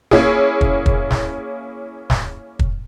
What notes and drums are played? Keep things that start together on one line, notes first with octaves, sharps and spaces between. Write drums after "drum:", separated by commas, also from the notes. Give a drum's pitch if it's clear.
A#3 C#4 E4 G#4, drum: snare
drum: kick
drum: kick
drum: snare
drum: snare
drum: kick